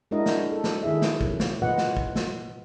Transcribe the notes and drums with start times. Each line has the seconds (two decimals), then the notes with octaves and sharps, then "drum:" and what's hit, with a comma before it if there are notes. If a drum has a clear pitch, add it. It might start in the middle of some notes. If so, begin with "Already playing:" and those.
0.11 G#3 D4 E4 F#4 A#4 D#5
0.26 drum: snare
0.52 A4
0.64 drum: snare
0.83 D#3 E4 G#4 E5
1.02 drum: snare
1.21 C3 F#3, drum: kick
1.40 drum: snare
1.62 A#2 E3 F4 B4 D#5 F#5
1.78 drum: snare
1.97 drum: kick
2.16 drum: snare